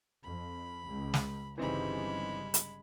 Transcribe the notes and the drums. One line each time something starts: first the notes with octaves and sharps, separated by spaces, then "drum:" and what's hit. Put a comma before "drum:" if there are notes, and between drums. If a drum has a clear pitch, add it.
F2 B5
C#2
drum: snare
G1 C#3 E3 G3 G#3 C4 D#4 B5
drum: hi-hat